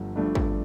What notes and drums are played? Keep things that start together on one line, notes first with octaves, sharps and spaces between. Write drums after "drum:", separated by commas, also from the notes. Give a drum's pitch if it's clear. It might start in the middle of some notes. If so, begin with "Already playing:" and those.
Already playing: G1 G2 F3 A3
G1 G2 F3 A3 D4
drum: kick